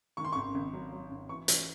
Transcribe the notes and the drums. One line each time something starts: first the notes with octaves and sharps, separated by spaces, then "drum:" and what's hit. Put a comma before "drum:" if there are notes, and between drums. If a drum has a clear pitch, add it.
D#3 C#6
C6
G#1 C#6
G#1
F#3
F#3
G#1
E3 C#6
E3, drum: hi-hat